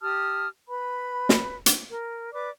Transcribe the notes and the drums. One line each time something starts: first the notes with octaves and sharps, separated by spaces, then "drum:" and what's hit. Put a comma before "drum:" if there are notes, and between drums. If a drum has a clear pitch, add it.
G4 A5 D#6 F6
B4 B5
drum: snare
drum: hi-hat
A#4
B4 D5 D6